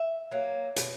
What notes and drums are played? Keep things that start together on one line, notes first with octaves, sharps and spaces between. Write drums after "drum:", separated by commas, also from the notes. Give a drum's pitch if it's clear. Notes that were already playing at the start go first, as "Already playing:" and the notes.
Already playing: E5
F#3 A#3
B2, drum: hi-hat